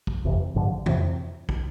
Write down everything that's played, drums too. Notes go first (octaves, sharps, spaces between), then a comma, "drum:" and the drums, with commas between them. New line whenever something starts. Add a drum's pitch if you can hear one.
drum: kick
G1 F2 C3 E3
A1 G2 D3 F3
F2 C3 E3, drum: tom F2
drum: kick